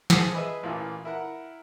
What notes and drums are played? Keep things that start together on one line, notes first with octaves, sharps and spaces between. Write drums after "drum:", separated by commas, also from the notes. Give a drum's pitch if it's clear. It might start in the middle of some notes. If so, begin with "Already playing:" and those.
A1 F3 G#4, drum: snare
G#4 B4 D#5 E5
A1 A#2 E3 F4
E4 A#4 F#5